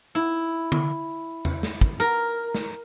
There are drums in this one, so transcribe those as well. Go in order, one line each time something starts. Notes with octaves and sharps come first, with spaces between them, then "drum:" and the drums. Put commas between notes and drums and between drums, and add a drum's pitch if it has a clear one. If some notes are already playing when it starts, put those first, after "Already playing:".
E4
drum: tom D3
drum: tom E2
drum: snare
drum: kick
A#4
drum: snare